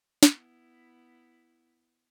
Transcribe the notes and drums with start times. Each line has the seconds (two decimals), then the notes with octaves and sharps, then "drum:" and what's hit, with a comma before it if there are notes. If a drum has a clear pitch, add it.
0.23 B3 E4, drum: snare